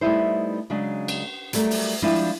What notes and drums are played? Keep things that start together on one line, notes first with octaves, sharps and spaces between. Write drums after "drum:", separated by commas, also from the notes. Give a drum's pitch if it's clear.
G3 A3 B3 D#4 E4 C5
C#3 F#3 G#3 D4 G#4
drum: cymbal
F#3 G3 A3 A#4, drum: hi-hat
drum: open hi-hat
F3 G3 G#3 C4 D4 E4